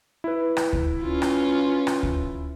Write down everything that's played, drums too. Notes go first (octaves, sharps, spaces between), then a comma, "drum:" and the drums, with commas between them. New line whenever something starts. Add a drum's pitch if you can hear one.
E4 B4
drum: rim click
drum: kick D2
C#4 F4
drum: rim click
drum: rim click
drum: kick D2